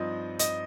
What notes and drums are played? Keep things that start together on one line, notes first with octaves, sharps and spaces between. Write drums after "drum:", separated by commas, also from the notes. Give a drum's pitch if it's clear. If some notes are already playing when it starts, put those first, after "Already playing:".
Already playing: G2 F3 C4 D#4 D#5
D#5, drum: hi-hat